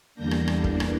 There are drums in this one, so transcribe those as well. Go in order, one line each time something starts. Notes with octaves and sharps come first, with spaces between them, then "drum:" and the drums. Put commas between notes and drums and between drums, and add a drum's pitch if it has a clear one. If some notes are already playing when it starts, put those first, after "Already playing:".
E2 D3 G3 A#3 D4 G6 A#6
drum: rim click
drum: rim click
E2 E3 A#3 D4, drum: kick
drum: rim click